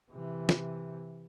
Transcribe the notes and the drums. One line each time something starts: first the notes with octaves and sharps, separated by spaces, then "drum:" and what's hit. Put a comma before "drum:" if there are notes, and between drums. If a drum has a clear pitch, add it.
C3 E3
drum: snare